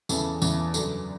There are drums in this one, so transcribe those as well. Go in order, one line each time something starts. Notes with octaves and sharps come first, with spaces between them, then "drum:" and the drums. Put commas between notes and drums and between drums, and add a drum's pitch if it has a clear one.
E2 C#3 E3 A4, drum: tambourine
E2 C#3 E3, drum: tambourine
F#2 D3, drum: tambourine